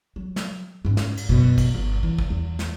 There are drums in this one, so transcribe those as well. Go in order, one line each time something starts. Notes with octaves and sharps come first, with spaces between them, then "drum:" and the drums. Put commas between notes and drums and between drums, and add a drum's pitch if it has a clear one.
F#3
drum: snare
G#2 C#4
drum: snare
drum: cymbal
F#2 B2
drum: kick, cymbal
G1
E3
drum: kick
E2
drum: snare